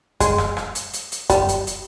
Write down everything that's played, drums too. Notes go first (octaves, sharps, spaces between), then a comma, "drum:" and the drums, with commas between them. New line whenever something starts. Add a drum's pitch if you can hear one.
G#3, drum: kick F#2, hi-hat
drum: rim click
drum: rim click
drum: hi-hat
drum: hi-hat
drum: hi-hat
G3, drum: kick F#2, hi-hat
drum: hi-hat
drum: hi-hat